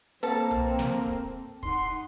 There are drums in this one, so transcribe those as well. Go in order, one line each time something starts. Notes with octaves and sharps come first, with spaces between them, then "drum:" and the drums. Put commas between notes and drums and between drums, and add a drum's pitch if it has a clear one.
A#3 C4 A4 B4 A5
drum: tom B1
drum: snare
drum: kick
D#4 F#5 C6, drum: kick